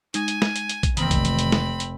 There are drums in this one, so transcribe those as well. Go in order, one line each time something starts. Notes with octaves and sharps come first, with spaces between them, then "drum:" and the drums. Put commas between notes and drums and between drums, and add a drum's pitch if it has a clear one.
G#3 D#4 G#5, drum: hi-hat
drum: hi-hat
drum: snare
drum: hi-hat
drum: hi-hat
drum: kick, hi-hat
F1 D#3 E3 A#3 C4 B5, drum: hi-hat
drum: kick, hi-hat
drum: hi-hat
drum: hi-hat
drum: snare
drum: hi-hat